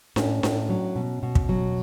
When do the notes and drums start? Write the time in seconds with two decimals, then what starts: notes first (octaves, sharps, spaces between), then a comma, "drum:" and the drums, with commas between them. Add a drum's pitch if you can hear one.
0.16 A2 C#4, drum: snare D4
0.43 A2, drum: snare D4
0.69 F#3
0.96 B2
1.23 B2
1.35 drum: kick
1.49 F#3